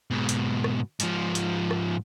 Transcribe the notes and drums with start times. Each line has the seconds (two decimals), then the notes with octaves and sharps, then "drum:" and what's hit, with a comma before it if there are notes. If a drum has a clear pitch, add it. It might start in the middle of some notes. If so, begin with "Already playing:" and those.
0.11 G#2 B2
0.29 drum: hi-hat
0.64 drum: rim click
1.00 G#2 F3, drum: hi-hat
1.35 drum: hi-hat
1.71 drum: rim click